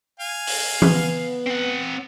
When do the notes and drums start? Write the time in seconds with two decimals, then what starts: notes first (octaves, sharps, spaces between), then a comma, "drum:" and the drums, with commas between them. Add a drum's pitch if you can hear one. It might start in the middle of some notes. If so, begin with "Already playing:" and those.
0.20 F5 G#5
0.47 drum: open hi-hat
0.82 B3, drum: tom E3
1.47 C4 F#5